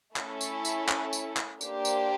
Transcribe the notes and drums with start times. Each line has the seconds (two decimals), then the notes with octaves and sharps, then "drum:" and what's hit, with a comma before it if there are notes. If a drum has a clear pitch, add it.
0.16 A3 C#4 E4 A4, drum: clap
0.41 drum: tambourine
0.65 drum: tambourine
0.89 drum: clap
1.13 drum: tambourine
1.37 drum: clap
1.61 A#3 D4 G4 C5, drum: tambourine
1.85 drum: tambourine